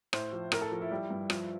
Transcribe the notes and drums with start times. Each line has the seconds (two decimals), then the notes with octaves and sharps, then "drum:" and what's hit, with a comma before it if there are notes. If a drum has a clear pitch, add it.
0.13 A2 C5, drum: rim click
0.33 F3
0.52 A2 A#4, drum: rim click
0.62 A4
0.72 F3
0.81 E4
0.91 G3
1.10 G2
1.30 F3, drum: rim click